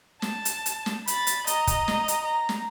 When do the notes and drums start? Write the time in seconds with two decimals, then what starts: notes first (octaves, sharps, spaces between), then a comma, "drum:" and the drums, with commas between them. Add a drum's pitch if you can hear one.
0.22 A5, drum: snare
0.45 drum: hi-hat
0.66 drum: hi-hat
0.86 drum: snare
1.07 B5 A6, drum: hi-hat
1.27 drum: hi-hat
1.47 D#5 A#5, drum: hi-hat
1.67 drum: kick, hi-hat
1.88 drum: snare
2.08 drum: hi-hat
2.24 A#5
2.49 drum: snare